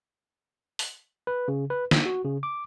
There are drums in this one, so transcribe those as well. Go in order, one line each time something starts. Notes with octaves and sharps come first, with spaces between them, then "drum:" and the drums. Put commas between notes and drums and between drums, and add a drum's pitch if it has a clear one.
drum: open hi-hat
B4
C#3
B4
D#4, drum: snare
F#4
C#3
D6